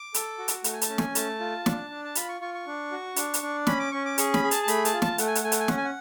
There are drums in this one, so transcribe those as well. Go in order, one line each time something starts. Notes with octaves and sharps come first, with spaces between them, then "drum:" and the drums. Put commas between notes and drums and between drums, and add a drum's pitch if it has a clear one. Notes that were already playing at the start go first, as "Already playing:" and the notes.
Already playing: D6
A4, drum: hi-hat
F#4
drum: hi-hat
A3 F#5, drum: hi-hat
G#5
A5, drum: hi-hat
C#4
G#5, drum: snare
A3 A5, drum: hi-hat
F4
D4, drum: snare
D4
A5
F4 B5, drum: hi-hat
C#6
F4 C#6
C#6
D4
F#4
D4, drum: hi-hat
drum: hi-hat
D4
C#4 B5, drum: snare
D6
C#4 C#6
D6
G#4 C#6, drum: hi-hat
B5, drum: snare
G#4
A5, drum: hi-hat
A5
A3 B5, drum: hi-hat
A5, drum: hi-hat
F4
A5, drum: snare
A3 F#5, drum: hi-hat
G#5
F#5, drum: hi-hat
A3 G#5
F#5, drum: hi-hat
G#5
C#4 F#5, drum: snare
G#5
F#5